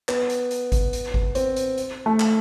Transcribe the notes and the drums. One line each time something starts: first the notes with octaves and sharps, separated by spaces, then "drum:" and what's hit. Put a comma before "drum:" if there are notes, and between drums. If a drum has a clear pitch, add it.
B3, drum: clap
drum: hi-hat
drum: hi-hat
drum: kick G#1, hi-hat
drum: hi-hat
drum: kick G#1
C4, drum: hi-hat
drum: hi-hat
drum: hi-hat
A3
drum: clap